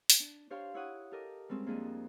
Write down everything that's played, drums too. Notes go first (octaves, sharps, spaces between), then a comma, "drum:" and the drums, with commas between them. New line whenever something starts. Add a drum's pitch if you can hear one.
drum: open hi-hat
D4
D4 G4 C5 C#5 F5 C6
E4 C#5 F#5 D#6
G4 A4 A#4 D#5 D6
G3 G#3 C4 C#4
F2 A#3 D4 G#4 D#5